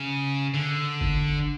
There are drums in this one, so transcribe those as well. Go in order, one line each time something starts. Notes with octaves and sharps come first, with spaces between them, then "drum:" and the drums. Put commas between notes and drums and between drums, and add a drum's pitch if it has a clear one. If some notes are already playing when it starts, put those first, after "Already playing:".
Already playing: C#3
D3
drum: kick G1